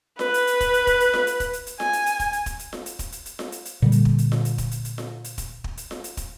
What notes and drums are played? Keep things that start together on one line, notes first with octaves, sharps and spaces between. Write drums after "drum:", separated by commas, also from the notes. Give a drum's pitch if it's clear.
B4, drum: snare F4
drum: hi-hat
drum: hi-hat
drum: kick, hi-hat
drum: hi-hat
drum: kick, hi-hat
drum: hi-hat
drum: snare F4
drum: hi-hat
drum: kick, hi-hat
drum: hi-hat
drum: hi-hat
G#5, drum: snare F4
drum: hi-hat
drum: hi-hat
drum: kick, hi-hat
drum: hi-hat
drum: kick, hi-hat
drum: hi-hat
drum: snare F4
drum: hi-hat
drum: kick, hi-hat
drum: hi-hat
drum: hi-hat
drum: snare F4
drum: hi-hat
drum: hi-hat
A#2 D3 G3
drum: hi-hat
drum: kick
drum: hi-hat
drum: snare F4
drum: hi-hat
drum: kick, hi-hat
drum: hi-hat
drum: hi-hat
drum: snare F4
drum: hi-hat
drum: kick, hi-hat
drum: kick
drum: hi-hat
drum: snare F4
drum: hi-hat
drum: kick, hi-hat